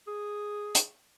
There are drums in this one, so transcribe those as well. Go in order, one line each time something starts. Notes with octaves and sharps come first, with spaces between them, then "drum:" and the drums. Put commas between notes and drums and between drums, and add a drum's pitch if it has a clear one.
G#4
drum: hi-hat